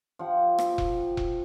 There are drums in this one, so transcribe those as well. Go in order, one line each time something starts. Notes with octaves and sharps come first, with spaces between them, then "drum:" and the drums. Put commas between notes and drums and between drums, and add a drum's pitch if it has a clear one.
F3 G4 F#5
drum: rim click
drum: kick E1
drum: kick E1